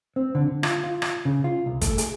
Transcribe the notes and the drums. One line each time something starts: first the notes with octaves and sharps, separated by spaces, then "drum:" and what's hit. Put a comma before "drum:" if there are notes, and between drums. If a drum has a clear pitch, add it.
C4
D3
D3
F4, drum: rim click
F4
drum: rim click
C#3
F4
C2
A3, drum: kick, hi-hat
G#4, drum: hi-hat